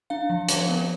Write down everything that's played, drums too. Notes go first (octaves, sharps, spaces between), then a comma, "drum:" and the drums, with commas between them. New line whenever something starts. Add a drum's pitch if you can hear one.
D4 F5
F3
F3, drum: hi-hat
B3